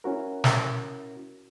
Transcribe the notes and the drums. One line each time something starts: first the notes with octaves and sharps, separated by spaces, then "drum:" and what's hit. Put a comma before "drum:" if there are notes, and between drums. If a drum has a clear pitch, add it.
C#4 E4 F#4 A#4
drum: snare